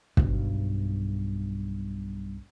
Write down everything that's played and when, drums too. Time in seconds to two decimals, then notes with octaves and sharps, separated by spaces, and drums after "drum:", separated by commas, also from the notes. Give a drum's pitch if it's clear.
0.17 B1 G2, drum: kick